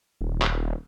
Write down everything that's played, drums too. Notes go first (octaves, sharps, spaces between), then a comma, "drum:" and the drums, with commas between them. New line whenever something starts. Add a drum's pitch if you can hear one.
D#1
drum: clap